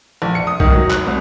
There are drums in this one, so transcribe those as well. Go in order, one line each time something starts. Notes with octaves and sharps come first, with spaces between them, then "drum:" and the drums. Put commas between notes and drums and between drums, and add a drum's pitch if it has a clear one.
A#1
C#7
D#6
D#3, drum: kick B1
F#3
F#6, drum: clap
C2